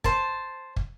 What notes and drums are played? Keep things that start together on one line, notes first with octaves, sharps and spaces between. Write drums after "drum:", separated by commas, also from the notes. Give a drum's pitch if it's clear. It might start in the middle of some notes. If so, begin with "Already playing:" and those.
C5 A5, drum: kick
drum: kick